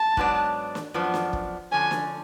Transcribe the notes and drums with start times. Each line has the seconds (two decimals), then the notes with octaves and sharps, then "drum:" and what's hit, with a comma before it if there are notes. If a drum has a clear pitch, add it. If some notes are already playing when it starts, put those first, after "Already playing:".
Already playing: A5
0.17 G#2 F#3 B3 D4, drum: kick
0.75 drum: snare
0.94 F#2 F3 B3 D4
1.14 drum: snare
1.33 drum: kick
1.72 D3 F3 A3 C#4 G#5
1.91 drum: snare